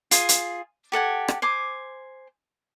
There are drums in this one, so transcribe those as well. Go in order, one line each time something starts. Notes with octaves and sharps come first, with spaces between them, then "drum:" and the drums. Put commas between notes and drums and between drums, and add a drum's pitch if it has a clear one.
F4 G#4 G#5, drum: hi-hat
drum: hi-hat
G4 A4 F#5 G#5
drum: rim click
C5 G#5 D6